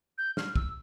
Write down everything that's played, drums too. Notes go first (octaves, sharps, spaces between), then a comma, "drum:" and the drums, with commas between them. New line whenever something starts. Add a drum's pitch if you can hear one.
G6
F6, drum: snare
E6, drum: kick